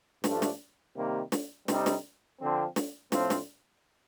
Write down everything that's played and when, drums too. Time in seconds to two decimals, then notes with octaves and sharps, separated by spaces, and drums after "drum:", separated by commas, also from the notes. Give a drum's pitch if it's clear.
0.24 G2 F3 A3 D4, drum: snare
0.42 drum: snare
0.96 C3 D#3 G3 A#3
1.32 drum: snare
1.68 C3 G3 C4 D#4, drum: snare
1.86 drum: snare
2.41 D3 F3 C4
2.76 drum: snare
3.12 A2 F3 C4 F4, drum: snare
3.30 drum: snare